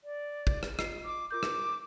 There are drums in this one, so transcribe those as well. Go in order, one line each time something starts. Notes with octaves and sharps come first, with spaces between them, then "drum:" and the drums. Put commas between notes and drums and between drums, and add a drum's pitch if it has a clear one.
D5
drum: kick
drum: rim click
F4 D#5 C7, drum: rim click
D6
F4 A#4 D6 G6
drum: rim click